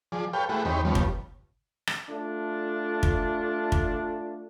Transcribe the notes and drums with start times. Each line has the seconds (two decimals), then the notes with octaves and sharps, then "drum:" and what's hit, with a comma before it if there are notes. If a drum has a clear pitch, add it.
0.12 F3 G#4 D5
0.33 G4 A4 B4 C#5 F5 G5
0.49 A3 E4 G4 G#4 B4 F#5
0.65 E2 C4 D#4 G4 C#5 B5
0.85 D#2 F3 G3 B3 C#4
0.95 drum: kick
1.87 drum: rim click
2.10 A3 D4 F4
3.03 drum: kick
3.72 drum: kick